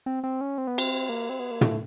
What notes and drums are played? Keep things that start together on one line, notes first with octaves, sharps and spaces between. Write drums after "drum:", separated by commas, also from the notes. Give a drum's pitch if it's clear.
C4
C4
C#4
C4
B3
C4, drum: cymbal
A#3
C4
B3
A#3
A3, drum: tom